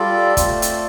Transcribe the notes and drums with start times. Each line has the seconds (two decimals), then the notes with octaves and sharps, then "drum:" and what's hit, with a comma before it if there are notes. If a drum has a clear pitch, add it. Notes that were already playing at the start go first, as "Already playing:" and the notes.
Already playing: G3 F4 A4 D5
0.37 A3 C4 F4, drum: kick, hi-hat
0.62 drum: hi-hat